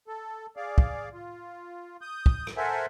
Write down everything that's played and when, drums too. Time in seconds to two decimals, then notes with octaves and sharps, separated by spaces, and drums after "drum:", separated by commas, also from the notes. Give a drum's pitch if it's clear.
0.07 A4
0.57 G#4 D5 F5
0.78 drum: kick
1.13 F4
2.01 D#6 G6
2.26 drum: kick
2.47 drum: rim click
2.57 A4 A#4 C5 E5 F#5 G#5